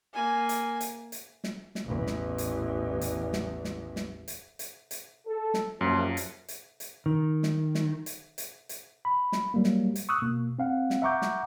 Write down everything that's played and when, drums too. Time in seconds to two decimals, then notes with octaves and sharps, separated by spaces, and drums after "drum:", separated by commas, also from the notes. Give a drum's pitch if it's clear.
0.14 A#3 G#5
0.49 drum: hi-hat
0.81 drum: hi-hat
1.12 drum: hi-hat
1.44 drum: snare
1.75 drum: snare
1.85 A1 E2
2.07 drum: snare
2.38 drum: hi-hat
3.01 drum: hi-hat
3.33 drum: snare
3.65 drum: snare
3.96 drum: snare
4.28 drum: hi-hat
4.59 drum: hi-hat
4.91 drum: hi-hat
5.27 A4
5.54 drum: snare
5.81 F#2 C3 F3 A#3
6.17 drum: hi-hat
6.48 drum: hi-hat
6.80 drum: hi-hat
7.06 D#3
7.43 drum: snare
7.75 drum: snare
8.06 drum: hi-hat
8.38 drum: hi-hat
8.69 drum: hi-hat
9.05 B5
9.32 drum: snare
9.54 F#3 G3 A#3
9.64 drum: snare
9.95 drum: hi-hat
10.09 C#6 D#6 E6 F#6
10.22 B2 A#3
10.59 C4 F5 F#5
10.90 drum: snare
11.02 E5 F#5 A#5 C#6 D6 G6
11.22 drum: snare